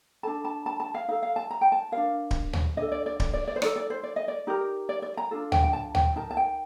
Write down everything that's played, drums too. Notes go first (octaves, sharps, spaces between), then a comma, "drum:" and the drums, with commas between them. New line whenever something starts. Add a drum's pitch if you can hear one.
D4 A4 A5
A5
A5
A5
F5
D#4 A4 F5
F5
A5
A#5
G5
A5
F4 A#4 F5
D4
drum: kick D1
drum: tom D2
D4 A4 D#5
D5
D5
D5, drum: kick D1
D5
D5
C5
D#4 A4 D5, drum: rim click
D5
C5
D5
D#5
D5
D#4 G4 A#4
D5
D5
A#5
D4 F4 A4
G5, drum: tom D2
G5
A5
G5, drum: tom D2
D#4 A#4 A5
A5
G5